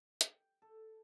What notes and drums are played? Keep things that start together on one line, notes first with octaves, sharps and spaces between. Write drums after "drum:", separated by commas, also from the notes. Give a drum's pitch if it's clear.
G5, drum: hi-hat
A4